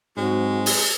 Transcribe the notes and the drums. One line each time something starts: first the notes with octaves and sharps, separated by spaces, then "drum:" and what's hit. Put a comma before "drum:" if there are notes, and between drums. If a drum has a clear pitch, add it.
G#2 F#3 G#3 C4 F#4
drum: open hi-hat